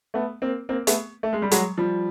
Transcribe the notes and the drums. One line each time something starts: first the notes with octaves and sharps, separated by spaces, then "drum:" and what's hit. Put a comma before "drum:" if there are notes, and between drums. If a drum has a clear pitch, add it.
A3 B3
A#3 C4
A#3 C4
A3 B3, drum: hi-hat
A3
G#3
G3
F#3 G#3, drum: hi-hat
F3 G3